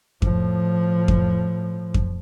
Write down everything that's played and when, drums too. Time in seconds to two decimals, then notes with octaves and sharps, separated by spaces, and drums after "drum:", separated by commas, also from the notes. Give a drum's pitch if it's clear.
0.22 A2 F3, drum: kick F2
1.08 drum: kick F2
1.94 drum: kick F2